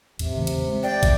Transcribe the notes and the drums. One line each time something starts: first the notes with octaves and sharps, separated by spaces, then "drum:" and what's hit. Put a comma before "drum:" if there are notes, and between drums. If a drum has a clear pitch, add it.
A1 E2 C3, drum: cymbal
C#3 E3 A3
drum: cymbal
G#3 C4
D5 G5
drum: kick, cymbal